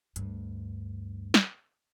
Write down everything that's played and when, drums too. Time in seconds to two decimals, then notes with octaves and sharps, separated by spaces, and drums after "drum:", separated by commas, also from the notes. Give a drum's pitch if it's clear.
0.16 D2 G2, drum: hi-hat
1.34 drum: snare